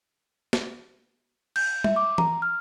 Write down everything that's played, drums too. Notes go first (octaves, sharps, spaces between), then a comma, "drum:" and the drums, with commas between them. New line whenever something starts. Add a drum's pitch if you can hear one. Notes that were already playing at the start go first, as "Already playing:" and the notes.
drum: snare
G6, drum: cymbal
E5, drum: tom G3
D6
A#5, drum: tom E3
F6